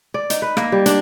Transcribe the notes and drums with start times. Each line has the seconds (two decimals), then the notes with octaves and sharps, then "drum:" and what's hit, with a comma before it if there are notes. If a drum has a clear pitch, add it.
0.14 D5
0.30 D#4, drum: hi-hat
0.42 B4
0.57 A#3, drum: rim click
0.72 G3
0.86 D4, drum: hi-hat